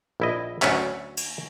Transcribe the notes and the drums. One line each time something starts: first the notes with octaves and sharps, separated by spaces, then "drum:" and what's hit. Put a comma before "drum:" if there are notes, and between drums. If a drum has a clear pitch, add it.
A#1 E4 D#5
D2 F#3 C#4 E5, drum: clap
drum: cymbal